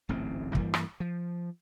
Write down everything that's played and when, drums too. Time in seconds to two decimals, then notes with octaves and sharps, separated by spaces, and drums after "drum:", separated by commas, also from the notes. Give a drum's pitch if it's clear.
0.09 D1 A1 G#2 C4
0.55 G2 E3 G3 A#3, drum: kick
0.74 drum: rim click
1.00 F3